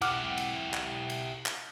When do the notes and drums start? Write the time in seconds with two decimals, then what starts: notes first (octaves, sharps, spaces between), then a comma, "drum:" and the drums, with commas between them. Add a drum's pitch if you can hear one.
0.02 E4 G4 F#5 D6 F6, drum: cymbal
0.38 drum: cymbal
0.74 drum: clap
1.10 drum: cymbal
1.46 drum: clap